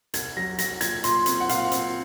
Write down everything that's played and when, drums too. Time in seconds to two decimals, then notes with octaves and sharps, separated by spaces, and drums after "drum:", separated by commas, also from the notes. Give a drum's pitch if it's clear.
0.14 C2 G#6, drum: hi-hat
0.37 F#3 A#6
0.58 F#3 A#6, drum: hi-hat
0.81 A#2 G#6, drum: hi-hat
1.04 A#2 C6, drum: hi-hat
1.26 C4, drum: hi-hat
1.40 F#5
1.49 A#2 F5, drum: hi-hat
1.72 C4, drum: hi-hat